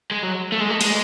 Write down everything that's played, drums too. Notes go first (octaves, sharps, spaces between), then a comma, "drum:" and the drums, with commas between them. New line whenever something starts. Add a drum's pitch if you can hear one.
G#3
F#3
A3
G#3
A3
G#3, drum: cymbal